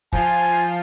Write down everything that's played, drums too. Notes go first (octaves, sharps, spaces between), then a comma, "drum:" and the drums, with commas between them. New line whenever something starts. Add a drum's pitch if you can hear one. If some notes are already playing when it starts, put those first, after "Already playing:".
F3 F4 G#5 C7, drum: kick